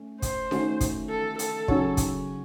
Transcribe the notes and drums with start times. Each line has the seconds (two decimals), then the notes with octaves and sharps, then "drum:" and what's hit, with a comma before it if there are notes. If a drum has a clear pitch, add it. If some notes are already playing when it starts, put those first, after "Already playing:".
Already playing: A3 C#4
0.22 C5, drum: kick, hi-hat
0.51 D#3 A3 C#4 F#4, drum: snare D4
0.81 drum: kick, hi-hat
1.10 A4
1.39 A4, drum: hi-hat
1.68 C#3 F#3 C#4 F#4 C#5, drum: kick
1.97 drum: kick, hi-hat